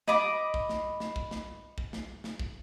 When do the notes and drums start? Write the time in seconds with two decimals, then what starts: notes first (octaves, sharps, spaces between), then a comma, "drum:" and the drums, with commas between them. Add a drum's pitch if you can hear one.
0.08 D#5 B5 D6, drum: snare
0.54 drum: kick
0.69 drum: snare
1.00 drum: snare
1.16 drum: kick
1.31 drum: snare
1.78 drum: kick
1.93 drum: snare
2.24 drum: snare
2.39 drum: kick